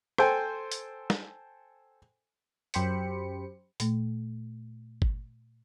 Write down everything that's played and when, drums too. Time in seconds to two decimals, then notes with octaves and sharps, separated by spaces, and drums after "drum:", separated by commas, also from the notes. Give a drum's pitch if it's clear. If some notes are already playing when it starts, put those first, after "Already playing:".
0.18 A4 C5 G5 G#5, drum: rim click
0.72 drum: hi-hat
1.10 drum: snare
2.74 F#2 G4 C5 B5 C#7, drum: hi-hat
3.80 A#2 A3, drum: hi-hat
5.02 drum: kick G1